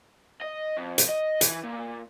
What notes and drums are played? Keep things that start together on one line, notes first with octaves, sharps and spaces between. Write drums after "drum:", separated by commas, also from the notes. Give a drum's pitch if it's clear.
D#5
F2
drum: hi-hat
D#5
E3, drum: hi-hat
A#2